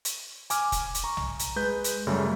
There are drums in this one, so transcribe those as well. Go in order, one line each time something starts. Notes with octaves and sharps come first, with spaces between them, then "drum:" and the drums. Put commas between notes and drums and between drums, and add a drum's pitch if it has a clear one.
drum: hi-hat
G#5 D6 F6, drum: hi-hat
drum: kick E1, hi-hat
drum: hi-hat
A#5 C#6
drum: tom B1
drum: hi-hat
G#3 B4 G6
drum: hi-hat
F#2 C#3 G3 A3